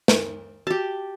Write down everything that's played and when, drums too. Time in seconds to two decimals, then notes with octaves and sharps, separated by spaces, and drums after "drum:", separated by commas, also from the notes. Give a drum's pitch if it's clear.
0.08 A#4, drum: snare
0.67 F#4 G4 A5